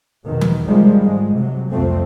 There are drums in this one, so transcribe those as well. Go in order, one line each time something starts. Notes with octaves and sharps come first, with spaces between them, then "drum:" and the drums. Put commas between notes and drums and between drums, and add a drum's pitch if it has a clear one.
E2 B2 D#3
drum: tom E3
C3 D#3 F3 G3 G#3
G#2 G#3
C3 F#3
C2 F2 A3 C4